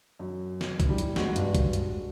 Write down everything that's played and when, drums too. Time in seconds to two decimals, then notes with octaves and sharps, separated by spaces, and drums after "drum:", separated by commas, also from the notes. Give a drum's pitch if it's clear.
0.19 F#2
0.61 drum: snare
0.80 drum: kick, hi-hat
0.89 E3 G3
0.98 drum: hi-hat
1.16 G#3 F#4, drum: snare
1.36 G2, drum: hi-hat
1.55 drum: kick, hi-hat
1.73 drum: hi-hat